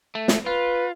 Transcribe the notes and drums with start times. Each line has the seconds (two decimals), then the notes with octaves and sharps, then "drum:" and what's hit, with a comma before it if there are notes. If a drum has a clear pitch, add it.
0.15 A3
0.28 drum: snare
0.46 F4 B4